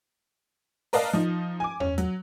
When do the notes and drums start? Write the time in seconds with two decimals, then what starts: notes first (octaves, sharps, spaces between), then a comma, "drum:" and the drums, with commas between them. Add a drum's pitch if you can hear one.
0.93 A#4 B4 D5 D#5 F5 A5, drum: open hi-hat
1.13 F3 D#4
1.60 G#5 D6
1.80 C#4, drum: tom E2
1.98 F#3, drum: hi-hat